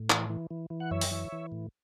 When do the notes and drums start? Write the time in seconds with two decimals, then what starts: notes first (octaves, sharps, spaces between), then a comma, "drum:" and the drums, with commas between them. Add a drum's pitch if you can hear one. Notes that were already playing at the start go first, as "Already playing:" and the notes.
Already playing: A2
0.10 E3, drum: clap
0.30 E3
0.51 E3
0.70 E3
0.80 F#5
0.91 F#2 C#5 E5
1.01 drum: open hi-hat
1.11 E3
1.32 E3
1.52 A2